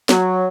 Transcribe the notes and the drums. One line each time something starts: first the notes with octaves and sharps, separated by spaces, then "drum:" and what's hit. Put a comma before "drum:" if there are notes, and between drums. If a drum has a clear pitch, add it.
F#3, drum: snare